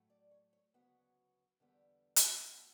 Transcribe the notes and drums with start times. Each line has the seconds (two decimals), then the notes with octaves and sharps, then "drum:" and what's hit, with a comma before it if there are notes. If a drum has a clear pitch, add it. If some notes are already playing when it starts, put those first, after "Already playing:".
Already playing: A2 F#3 A3
0.10 D5
0.31 C#5
0.53 C#5
0.74 D2 C#3 F#3 B3 F#5
1.60 E2 D3 G3 B3
2.16 drum: hi-hat
2.45 A2 F#3 B3 F#5